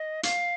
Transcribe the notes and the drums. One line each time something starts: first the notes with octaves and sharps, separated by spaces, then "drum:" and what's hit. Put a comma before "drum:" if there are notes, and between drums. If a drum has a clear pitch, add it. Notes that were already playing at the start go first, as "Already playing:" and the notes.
Already playing: D#5
F5, drum: hi-hat